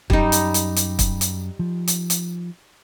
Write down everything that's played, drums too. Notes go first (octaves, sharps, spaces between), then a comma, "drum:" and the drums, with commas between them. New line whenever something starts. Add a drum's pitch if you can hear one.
F#2 G3 D#4, drum: kick
drum: hi-hat
drum: hi-hat
drum: hi-hat
drum: kick, hi-hat
drum: hi-hat
F3
drum: hi-hat
drum: hi-hat